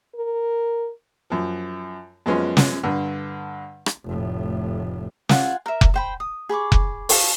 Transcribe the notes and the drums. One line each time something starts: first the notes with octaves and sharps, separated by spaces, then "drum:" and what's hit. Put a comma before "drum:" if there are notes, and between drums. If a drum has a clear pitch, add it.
A#4
F#2 F3
F#2 F3 G#3 B3 C#4 C6
drum: snare
G2 D3
drum: rim click
F1 A2
F4 F#5 G#5, drum: snare
A#4 E5
drum: kick F1
C5 G5 B5
D#6
G#4 B5 C#6 D6
drum: kick F1
F5 A5 C#6, drum: open hi-hat